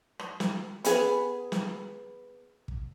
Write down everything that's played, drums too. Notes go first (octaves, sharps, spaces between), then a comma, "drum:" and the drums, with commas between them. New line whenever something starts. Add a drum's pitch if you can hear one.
drum: rim click
drum: snare
B3 G#4 B4, drum: hi-hat
drum: snare
drum: kick